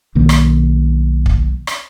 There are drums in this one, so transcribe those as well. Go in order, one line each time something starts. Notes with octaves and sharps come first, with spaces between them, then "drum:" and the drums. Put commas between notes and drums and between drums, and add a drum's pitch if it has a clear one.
B1 B2 D#3 A#3
drum: rim click
drum: kick
drum: rim click